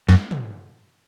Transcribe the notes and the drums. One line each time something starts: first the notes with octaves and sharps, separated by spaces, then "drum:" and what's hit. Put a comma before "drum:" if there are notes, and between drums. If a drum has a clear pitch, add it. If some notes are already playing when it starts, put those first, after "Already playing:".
F#2, drum: snare
drum: tom